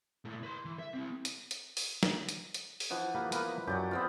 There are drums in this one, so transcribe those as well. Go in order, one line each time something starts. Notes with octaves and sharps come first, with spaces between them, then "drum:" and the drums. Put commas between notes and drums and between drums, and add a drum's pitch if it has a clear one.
A#2 A3
B4 C6
E3
E5
C4 E4
drum: hi-hat
drum: hi-hat
drum: open hi-hat
drum: snare
drum: hi-hat
drum: hi-hat
drum: open hi-hat
E3 F3 F#5
A#3 G4 B4
A#3 B3 A#4 B4, drum: hi-hat
F#2 F#3 G4 D5 F#5
B3 C4 F4